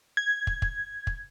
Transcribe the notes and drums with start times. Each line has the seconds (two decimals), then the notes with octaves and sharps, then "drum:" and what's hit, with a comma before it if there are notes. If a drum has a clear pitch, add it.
0.17 G#6
0.47 drum: kick
0.62 drum: kick
1.07 drum: kick